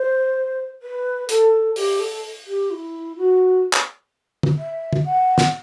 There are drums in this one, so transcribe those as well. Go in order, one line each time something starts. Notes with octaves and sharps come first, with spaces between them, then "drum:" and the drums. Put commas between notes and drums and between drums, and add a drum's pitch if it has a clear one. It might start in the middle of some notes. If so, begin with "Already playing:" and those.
Already playing: C5
B4
A4, drum: hi-hat
G4, drum: open hi-hat
A4
G4
E4
F#4
drum: clap
drum: tom
E5
drum: tom
F#5
drum: snare